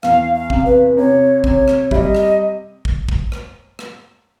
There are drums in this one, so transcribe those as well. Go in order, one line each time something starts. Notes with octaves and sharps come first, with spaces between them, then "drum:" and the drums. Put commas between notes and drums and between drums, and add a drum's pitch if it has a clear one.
E2 F5, drum: rim click
F5
C3, drum: kick
B4
C3 C#5
C3 C#5, drum: kick
drum: rim click
G3 D#5 E5, drum: kick
drum: rim click
drum: kick
drum: kick
drum: rim click
drum: rim click